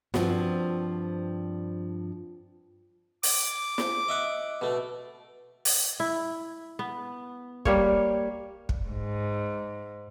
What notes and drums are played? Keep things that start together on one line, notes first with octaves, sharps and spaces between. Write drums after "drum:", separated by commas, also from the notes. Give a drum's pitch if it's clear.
G2 F3 C4 F#4, drum: snare
D6, drum: open hi-hat
drum: snare
D#5 E5 F#5
B2 A3
drum: open hi-hat
E4
B3
G3 A#3 C#5, drum: kick
drum: kick
G#2